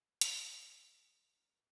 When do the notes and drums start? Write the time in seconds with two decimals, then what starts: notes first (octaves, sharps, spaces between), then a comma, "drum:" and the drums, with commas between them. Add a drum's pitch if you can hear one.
0.21 G#4, drum: hi-hat
0.32 E3 G3 B3 E4 G4 A#4
0.82 G#4
1.33 E2 D#3 G3 C#4 A#4